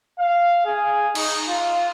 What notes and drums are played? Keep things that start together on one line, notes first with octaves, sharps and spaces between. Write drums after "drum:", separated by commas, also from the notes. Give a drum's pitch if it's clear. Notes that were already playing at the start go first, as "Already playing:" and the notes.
F5
G#4
D#4, drum: cymbal
F4